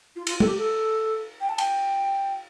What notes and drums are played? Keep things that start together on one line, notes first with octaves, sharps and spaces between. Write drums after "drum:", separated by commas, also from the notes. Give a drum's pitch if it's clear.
F4
F4, drum: cymbal
A4, drum: tom
G4
A4
G5
A5
G5, drum: cymbal